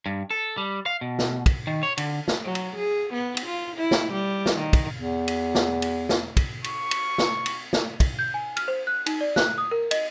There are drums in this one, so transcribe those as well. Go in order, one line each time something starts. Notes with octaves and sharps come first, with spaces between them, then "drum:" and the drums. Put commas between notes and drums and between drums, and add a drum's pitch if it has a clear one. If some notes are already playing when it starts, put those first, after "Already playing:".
G2
A4
G3
F5
B2
drum: snare
drum: kick, cymbal
D#3
C#5
D3, drum: cymbal
drum: snare
F#3
drum: cymbal
G#4
B3
drum: cymbal
F4
E4
drum: snare
G3
drum: snare
D#3
drum: kick, cymbal
E2
drum: cymbal
drum: snare
drum: cymbal
drum: snare
drum: kick, cymbal
C#6, drum: cymbal
drum: cymbal
drum: snare
drum: cymbal
drum: snare
drum: kick, cymbal
G6
G#5
F6, drum: cymbal
C5
F#6
D#4, drum: cymbal
D5
F#6, drum: snare
D#6
A#4
D#5, drum: cymbal